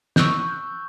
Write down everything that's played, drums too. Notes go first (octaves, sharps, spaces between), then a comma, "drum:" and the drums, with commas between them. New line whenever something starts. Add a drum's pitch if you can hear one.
C#6 E6 F#6 G6, drum: snare